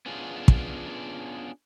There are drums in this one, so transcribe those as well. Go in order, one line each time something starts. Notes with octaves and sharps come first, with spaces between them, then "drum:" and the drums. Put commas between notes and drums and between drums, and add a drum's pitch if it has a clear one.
B3 C#4 D4 F4 G#4
drum: kick